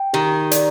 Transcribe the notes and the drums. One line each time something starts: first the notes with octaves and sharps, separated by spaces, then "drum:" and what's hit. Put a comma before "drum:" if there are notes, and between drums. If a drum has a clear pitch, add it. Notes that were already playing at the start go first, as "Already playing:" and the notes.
Already playing: G5
D#3 G4
D5, drum: hi-hat